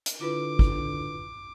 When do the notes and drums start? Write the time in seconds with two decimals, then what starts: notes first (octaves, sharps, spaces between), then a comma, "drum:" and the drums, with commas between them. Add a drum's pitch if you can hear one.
0.06 drum: hi-hat
0.21 D3 E4 F4 B4 D6
0.59 drum: kick